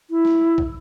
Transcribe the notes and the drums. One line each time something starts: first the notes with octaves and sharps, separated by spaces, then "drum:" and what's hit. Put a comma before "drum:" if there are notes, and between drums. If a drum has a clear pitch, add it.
E4
drum: snare
drum: kick